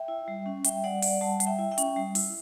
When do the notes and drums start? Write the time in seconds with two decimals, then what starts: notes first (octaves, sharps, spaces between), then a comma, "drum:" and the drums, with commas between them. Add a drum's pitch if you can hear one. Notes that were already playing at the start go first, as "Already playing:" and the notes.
Already playing: E5 G5
0.08 E4
0.28 G3
0.46 C#4
0.64 G3 E5 G5, drum: hi-hat
0.84 G3 D5 F#5
1.02 G3 D5 F#5, drum: open hi-hat
1.21 G3 F#5 A5
1.40 G3, drum: hi-hat
1.47 E5 G5
1.59 E4
1.71 E5 G5
1.78 C#4, drum: hi-hat
1.97 G3
2.15 E4, drum: open hi-hat